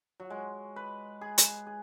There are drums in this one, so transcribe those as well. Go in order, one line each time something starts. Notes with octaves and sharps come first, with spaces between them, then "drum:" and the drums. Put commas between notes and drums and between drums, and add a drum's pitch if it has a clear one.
F#3
G#3
B4
G#4
drum: hi-hat
G#4